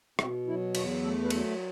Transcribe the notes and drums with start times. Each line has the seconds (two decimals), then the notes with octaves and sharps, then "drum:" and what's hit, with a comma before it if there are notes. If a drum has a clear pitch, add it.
0.19 B2 C4, drum: rim click
0.47 F#3 E4
0.75 E2 F#4, drum: cymbal
1.03 A3 A4
1.24 B4
1.30 F#3, drum: cymbal